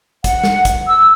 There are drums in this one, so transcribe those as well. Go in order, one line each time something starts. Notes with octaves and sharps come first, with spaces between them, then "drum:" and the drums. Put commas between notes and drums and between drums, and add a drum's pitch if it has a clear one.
F#5, drum: kick, hi-hat
drum: snare
drum: kick, hi-hat
E6